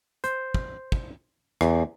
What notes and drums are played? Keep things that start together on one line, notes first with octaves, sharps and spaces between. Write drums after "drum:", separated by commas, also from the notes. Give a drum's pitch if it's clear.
C5, drum: hi-hat
drum: kick
drum: kick
E2, drum: rim click